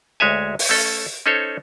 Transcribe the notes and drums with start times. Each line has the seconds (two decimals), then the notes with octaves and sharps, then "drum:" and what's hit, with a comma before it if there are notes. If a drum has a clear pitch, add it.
0.20 D2 G#3 C#5 E5 G#5
0.59 drum: open hi-hat
0.69 A3 C#4 A4
1.26 C#4 D#4 A4 C5 C#5